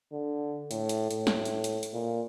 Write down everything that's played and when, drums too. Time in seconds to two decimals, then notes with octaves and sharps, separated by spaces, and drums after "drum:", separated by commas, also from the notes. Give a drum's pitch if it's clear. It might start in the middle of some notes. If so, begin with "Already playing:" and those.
0.13 D3
0.71 A2, drum: hi-hat
0.89 drum: hi-hat
1.11 A2, drum: hi-hat
1.27 drum: snare
1.45 drum: hi-hat
1.64 drum: hi-hat
1.83 drum: hi-hat
1.94 A#2